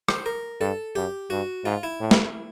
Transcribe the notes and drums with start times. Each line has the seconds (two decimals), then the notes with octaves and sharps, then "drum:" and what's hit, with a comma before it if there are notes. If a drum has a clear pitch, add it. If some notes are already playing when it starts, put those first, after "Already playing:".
0.08 C5, drum: rim click
0.26 A#4
0.60 G2 A4
0.95 F#2 G4
1.30 G2 F#4
1.65 G#2 F4
1.83 E4
2.00 A2
2.11 drum: snare